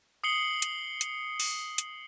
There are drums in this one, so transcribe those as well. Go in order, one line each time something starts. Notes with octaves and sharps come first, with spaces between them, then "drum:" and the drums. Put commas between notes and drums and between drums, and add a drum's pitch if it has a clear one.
D#6 C7 C#7 F#7 G7
drum: hi-hat
drum: hi-hat
drum: open hi-hat
drum: hi-hat